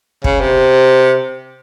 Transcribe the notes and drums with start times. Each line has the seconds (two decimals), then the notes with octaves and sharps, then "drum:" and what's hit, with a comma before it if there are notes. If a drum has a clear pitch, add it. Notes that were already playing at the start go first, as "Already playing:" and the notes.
0.24 C#3, drum: kick
0.40 C3